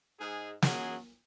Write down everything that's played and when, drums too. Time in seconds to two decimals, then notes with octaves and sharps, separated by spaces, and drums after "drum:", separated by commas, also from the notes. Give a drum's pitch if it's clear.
0.20 G#2 G#3 G#4
0.62 F#2 F#3 G#4, drum: snare